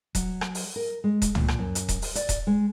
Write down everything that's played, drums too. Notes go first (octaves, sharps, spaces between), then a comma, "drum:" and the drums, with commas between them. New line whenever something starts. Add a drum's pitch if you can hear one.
F#3, drum: kick D#1, hi-hat
drum: rim click
drum: open hi-hat
A#4
G#3
drum: kick D#1, hi-hat
A#2, drum: tom
drum: rim click
F#2
drum: hi-hat
drum: kick D#1, hi-hat
drum: open hi-hat
D5, drum: hi-hat
drum: kick D#1, hi-hat
G#3